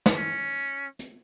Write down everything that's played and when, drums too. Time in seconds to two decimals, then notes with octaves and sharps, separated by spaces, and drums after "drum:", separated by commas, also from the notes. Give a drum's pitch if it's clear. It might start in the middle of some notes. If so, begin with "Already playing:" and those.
0.06 drum: snare
0.16 C#4
0.99 drum: hi-hat